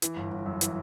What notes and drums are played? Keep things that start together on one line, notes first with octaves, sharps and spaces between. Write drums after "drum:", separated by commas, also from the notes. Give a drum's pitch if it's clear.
E3, drum: hi-hat
G1
G1
F#2
E3, drum: hi-hat